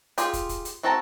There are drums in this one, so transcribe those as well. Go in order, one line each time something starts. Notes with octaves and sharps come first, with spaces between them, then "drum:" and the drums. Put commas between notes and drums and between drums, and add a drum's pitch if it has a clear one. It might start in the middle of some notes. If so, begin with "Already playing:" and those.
F4 G4 G#4, drum: hi-hat
drum: kick, hi-hat
drum: kick, hi-hat
drum: hi-hat
C4 F#4 A4 A5 A#5